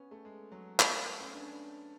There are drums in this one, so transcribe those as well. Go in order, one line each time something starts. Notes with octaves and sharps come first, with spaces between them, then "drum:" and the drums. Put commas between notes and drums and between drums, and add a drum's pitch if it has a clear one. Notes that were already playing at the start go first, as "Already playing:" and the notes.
Already playing: B3 C#4
A3
G#3
F#3
A3, drum: clap
A3
B3
C#4
D4